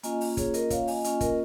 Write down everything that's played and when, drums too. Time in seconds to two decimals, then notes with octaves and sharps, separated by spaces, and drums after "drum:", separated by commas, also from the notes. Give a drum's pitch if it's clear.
0.03 A#3 C#4 F4 D#5 G#5, drum: hi-hat
0.21 drum: open hi-hat
0.37 G#4 C#5, drum: kick, hi-hat
0.54 A#4 D#5, drum: hi-hat
0.70 C#5 F5, drum: kick, hi-hat
0.87 D#5 G#5, drum: open hi-hat
1.04 A#3 C#4 F4 D#5 G#5, drum: hi-hat
1.21 A#4 D#5, drum: kick, hi-hat